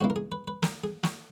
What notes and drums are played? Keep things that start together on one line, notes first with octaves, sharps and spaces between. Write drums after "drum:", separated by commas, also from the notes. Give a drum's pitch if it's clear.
C#2 B2 A#3 E4 F#4
A#4
G#4
B4
B4
A#4, drum: snare
G#4
F#4, drum: snare